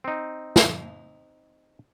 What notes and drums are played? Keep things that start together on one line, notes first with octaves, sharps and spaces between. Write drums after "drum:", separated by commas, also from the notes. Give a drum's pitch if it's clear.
C4 D#4
drum: snare